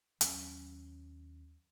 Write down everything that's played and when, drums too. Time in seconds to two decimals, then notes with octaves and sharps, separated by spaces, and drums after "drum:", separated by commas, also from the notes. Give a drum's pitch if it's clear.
0.21 D#2 F#3 C#4, drum: hi-hat